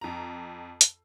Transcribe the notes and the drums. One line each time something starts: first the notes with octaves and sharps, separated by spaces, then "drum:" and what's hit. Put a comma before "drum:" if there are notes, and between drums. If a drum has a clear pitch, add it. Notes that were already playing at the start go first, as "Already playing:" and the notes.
F2 A#5
drum: hi-hat